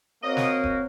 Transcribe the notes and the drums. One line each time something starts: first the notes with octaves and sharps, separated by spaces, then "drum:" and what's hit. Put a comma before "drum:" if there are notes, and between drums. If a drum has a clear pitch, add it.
A#3 C4 F#4 C5 C#5 D#5
drum: snare
drum: kick E1